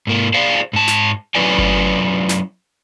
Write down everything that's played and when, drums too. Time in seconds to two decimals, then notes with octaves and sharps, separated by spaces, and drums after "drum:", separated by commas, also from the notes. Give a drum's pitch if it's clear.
0.07 G#2 A#3
0.34 G#4 C5 D5 F5
0.73 G#2 A5
0.88 drum: snare
1.35 F#3 C#4 E4 B4 D5 G#5
1.58 drum: kick G1
2.29 drum: snare